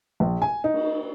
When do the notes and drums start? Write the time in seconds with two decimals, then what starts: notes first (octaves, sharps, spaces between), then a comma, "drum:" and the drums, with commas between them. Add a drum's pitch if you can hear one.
0.20 A#1
0.42 G#5
0.64 D#4
0.74 drum: cymbal